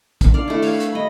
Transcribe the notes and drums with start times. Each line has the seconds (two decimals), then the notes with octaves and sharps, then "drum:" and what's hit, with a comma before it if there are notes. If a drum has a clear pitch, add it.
0.21 C#4, drum: kick, hi-hat
0.34 D4 D5 F5
0.48 A3 D4 E4
0.62 C#5 E5 F5, drum: open hi-hat
0.80 drum: hi-hat
0.92 G3 D#5 B5